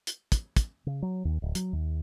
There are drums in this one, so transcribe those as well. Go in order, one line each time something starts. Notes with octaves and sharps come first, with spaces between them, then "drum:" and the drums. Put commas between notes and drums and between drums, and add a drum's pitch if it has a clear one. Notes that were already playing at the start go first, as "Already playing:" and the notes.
drum: hi-hat
drum: kick, hi-hat
drum: kick, hi-hat
C#3
F#3
D#2
D1
F#3, drum: hi-hat
D#2